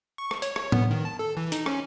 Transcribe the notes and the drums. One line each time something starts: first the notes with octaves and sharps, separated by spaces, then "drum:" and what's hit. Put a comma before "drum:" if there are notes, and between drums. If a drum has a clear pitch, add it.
C#6
drum: rim click
C#5, drum: hi-hat
C#5, drum: rim click
B3, drum: tom A2
D#3
A5
A4
E3
D#4, drum: hi-hat
C#4, drum: rim click